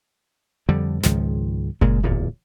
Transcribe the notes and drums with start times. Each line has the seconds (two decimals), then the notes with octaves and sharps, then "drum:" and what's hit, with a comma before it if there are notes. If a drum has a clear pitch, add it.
0.69 F2 D3 G3
1.03 C#2 G#2 D#3 F3, drum: snare
1.81 A#2 C#3 G#3, drum: kick F#1
2.03 D1 E2 A#2